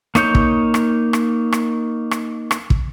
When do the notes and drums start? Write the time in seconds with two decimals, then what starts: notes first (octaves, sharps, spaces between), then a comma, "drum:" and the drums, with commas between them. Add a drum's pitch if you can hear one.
0.15 A#3 D#4 C#5 G6, drum: rim click
0.35 drum: kick
0.74 drum: rim click
1.13 drum: rim click
1.52 drum: rim click
2.11 drum: rim click
2.51 drum: rim click
2.70 drum: kick